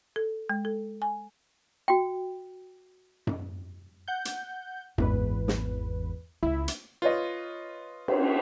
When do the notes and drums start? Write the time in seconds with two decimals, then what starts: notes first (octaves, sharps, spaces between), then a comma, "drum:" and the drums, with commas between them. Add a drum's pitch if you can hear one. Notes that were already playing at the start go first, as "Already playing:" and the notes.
0.16 A4
0.49 G#3
0.65 A4
1.02 G#5
1.88 F#4 G5
3.27 drum: tom F#2
4.08 F#5 G6
4.25 drum: hi-hat
4.98 G#1 E2 B4, drum: tom F#2
5.48 drum: snare
6.43 C#2 E4 E5
6.68 drum: hi-hat
7.02 F4 B4 C#5 D#5
8.08 drum: cymbal